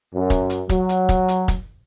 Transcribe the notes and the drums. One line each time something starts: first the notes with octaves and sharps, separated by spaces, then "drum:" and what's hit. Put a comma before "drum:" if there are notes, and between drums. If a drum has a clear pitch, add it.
F#2
drum: kick, hi-hat
drum: hi-hat
F#3, drum: kick, hi-hat
drum: hi-hat
drum: kick, hi-hat
drum: hi-hat
drum: kick, hi-hat